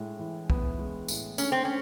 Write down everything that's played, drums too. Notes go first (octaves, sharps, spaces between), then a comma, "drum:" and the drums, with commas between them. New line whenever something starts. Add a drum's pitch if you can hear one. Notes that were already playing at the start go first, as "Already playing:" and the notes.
Already playing: A2 G#3
E3
B3, drum: kick
G#3
A2, drum: tambourine
A3 C#4, drum: tambourine
C4
C#4